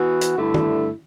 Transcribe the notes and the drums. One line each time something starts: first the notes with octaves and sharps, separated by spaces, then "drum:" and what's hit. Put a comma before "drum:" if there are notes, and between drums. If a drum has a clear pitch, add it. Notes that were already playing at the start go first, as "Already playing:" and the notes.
Already playing: E3 B3 F#4
drum: hi-hat
G2 D3 A3 E4
drum: tom